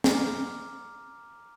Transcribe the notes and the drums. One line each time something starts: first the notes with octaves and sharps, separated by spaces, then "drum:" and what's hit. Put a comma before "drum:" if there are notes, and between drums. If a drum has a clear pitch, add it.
A#5 D6 F6, drum: snare